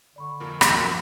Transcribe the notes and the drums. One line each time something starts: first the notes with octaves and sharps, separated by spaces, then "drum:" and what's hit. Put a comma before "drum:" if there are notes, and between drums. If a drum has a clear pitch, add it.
D3 D5 B5 C#6
F2 A#2 A#3
drum: rim click
F#2 F3 A#4 F5 A#5